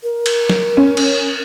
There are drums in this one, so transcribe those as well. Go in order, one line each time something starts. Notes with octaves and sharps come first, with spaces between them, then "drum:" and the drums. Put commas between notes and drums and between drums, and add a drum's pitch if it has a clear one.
A#4
drum: cymbal
drum: snare
C#4
drum: cymbal